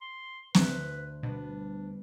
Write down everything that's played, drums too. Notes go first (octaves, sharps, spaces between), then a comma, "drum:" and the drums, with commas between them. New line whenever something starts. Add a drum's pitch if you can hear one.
C6
D2 D3 B4 C5, drum: snare
B2 G3 B3 D4